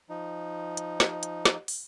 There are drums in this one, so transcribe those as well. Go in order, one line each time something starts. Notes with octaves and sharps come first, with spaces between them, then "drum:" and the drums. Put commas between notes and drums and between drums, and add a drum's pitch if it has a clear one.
F3 D#4
drum: hi-hat
drum: snare
drum: hi-hat
drum: snare
drum: open hi-hat